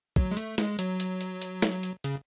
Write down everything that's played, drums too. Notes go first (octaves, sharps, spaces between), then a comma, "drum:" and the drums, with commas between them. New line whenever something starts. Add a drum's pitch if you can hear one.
F#3, drum: kick
G#3
A3, drum: hi-hat
G#3, drum: snare
F#3, drum: hi-hat
drum: hi-hat
drum: hi-hat
drum: hi-hat
drum: snare
drum: hi-hat
C#3, drum: hi-hat